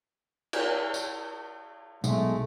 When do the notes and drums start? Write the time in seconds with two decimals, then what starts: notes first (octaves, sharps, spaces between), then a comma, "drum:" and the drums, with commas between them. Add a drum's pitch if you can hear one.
0.53 drum: cymbal
0.94 drum: tambourine
2.04 B1 G#3 A3, drum: tambourine